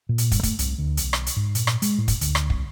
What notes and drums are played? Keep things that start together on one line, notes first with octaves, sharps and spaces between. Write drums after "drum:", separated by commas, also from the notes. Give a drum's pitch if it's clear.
A#2
drum: hi-hat
G2, drum: kick, hi-hat
A3, drum: kick, hi-hat
C2, drum: hi-hat
D2
B1, drum: hi-hat
drum: rim click
drum: hi-hat
G#2
A#2, drum: hi-hat
drum: rim click
G#3, drum: hi-hat
A2
drum: kick, hi-hat
D2, drum: hi-hat
drum: rim click
C2, drum: kick